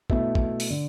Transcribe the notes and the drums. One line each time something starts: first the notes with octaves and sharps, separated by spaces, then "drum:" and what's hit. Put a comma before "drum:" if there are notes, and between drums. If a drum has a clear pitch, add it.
B2 A3 E4, drum: kick
drum: kick
drum: open hi-hat
D3